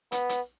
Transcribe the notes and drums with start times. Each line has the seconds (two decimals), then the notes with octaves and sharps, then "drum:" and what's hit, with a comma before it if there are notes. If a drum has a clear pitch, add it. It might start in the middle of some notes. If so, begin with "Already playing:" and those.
0.12 B3, drum: hi-hat
0.29 drum: hi-hat